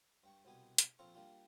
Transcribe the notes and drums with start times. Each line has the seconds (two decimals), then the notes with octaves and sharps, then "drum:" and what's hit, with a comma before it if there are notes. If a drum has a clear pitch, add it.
0.24 G2 G5 C#6
0.45 C2 B2 B3 G4 G#5
0.78 drum: hi-hat
0.99 A#1 C4 F4 A4 A#5 C#6
1.14 G3 A#3 D4 F4 G4